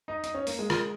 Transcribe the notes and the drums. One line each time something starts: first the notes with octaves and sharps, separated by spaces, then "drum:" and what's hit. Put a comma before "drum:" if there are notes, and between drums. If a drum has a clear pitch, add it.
D#4
D#4, drum: hi-hat
C#4
A#3, drum: open hi-hat
G#3
F4 A#4, drum: rim click